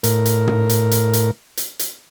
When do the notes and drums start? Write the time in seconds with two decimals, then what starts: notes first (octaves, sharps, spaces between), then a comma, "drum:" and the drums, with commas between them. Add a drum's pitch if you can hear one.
0.03 A2 A#4, drum: hi-hat
0.25 drum: hi-hat
0.47 drum: tom
0.69 drum: hi-hat
0.91 drum: hi-hat
1.13 drum: hi-hat
1.57 drum: hi-hat
1.79 drum: hi-hat